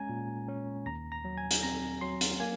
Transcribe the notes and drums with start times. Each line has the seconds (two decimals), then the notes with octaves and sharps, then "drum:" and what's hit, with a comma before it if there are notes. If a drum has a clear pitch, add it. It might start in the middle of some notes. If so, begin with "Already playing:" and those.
Already playing: G#3 C#4 G#5 A#5 G#6
0.09 A#2
0.48 C#4
0.86 D#2 A#5 A#6
1.12 A#5 A#6
1.25 F#3
1.38 G#5 G#6
1.51 drum: hi-hat
1.63 C4 A#5 A#6
2.01 F#3 C6 C7
2.21 drum: hi-hat
2.39 A#3 G#5 G#6